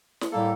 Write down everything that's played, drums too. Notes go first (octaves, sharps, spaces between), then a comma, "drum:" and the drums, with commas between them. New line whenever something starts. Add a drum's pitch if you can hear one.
drum: snare
A2 G3 A#3 A4